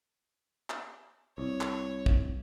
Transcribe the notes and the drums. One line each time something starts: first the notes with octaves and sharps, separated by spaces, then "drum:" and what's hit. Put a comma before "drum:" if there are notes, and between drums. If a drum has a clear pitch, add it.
drum: clap
C2 C#5
drum: clap
drum: kick